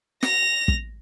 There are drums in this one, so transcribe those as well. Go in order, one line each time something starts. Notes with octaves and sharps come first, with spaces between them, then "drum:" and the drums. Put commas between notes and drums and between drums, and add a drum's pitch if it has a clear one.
A#6 F7, drum: snare
drum: kick